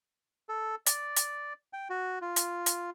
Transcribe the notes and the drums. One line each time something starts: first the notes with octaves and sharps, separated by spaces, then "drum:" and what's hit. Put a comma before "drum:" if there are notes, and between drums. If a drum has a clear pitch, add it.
A4
D5, drum: hi-hat
drum: hi-hat
G5
F#4
F4
drum: hi-hat
drum: hi-hat